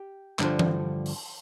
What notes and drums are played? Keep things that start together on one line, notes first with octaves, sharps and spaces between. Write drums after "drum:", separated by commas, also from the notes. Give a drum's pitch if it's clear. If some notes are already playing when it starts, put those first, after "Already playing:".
Already playing: G4
G2 D3 F3, drum: clap
drum: tom E3
drum: open hi-hat